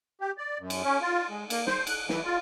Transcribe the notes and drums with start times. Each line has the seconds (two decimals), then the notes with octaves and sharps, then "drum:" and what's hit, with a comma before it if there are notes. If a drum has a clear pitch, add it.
0.21 G4
0.38 D5
0.60 F#2
0.70 drum: cymbal
0.84 C#4
1.01 F4
1.30 G#3
1.50 A#3, drum: cymbal
1.67 C5, drum: snare
1.87 F#6, drum: cymbal
2.09 E3, drum: snare
2.25 F4